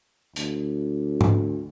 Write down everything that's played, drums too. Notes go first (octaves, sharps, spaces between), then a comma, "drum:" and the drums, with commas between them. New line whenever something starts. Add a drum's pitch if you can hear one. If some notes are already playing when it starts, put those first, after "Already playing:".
D2, drum: hi-hat
drum: tom